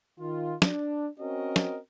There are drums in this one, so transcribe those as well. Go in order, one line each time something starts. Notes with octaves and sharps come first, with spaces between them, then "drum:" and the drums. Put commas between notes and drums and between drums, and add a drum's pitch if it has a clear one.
D#3 F4
D4, drum: snare
C4 C#4 F#4 A#4 D#5
drum: snare